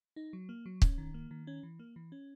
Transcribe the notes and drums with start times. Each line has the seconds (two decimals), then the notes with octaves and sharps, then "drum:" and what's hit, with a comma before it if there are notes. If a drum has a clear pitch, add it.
0.16 D#4
0.33 F#3
0.49 A#3
0.66 F#3
0.82 C#4, drum: kick
0.98 D#3
1.14 A#3
1.31 D#3
1.47 C#4
1.63 E3
1.79 A#3
1.96 E3
2.12 C#4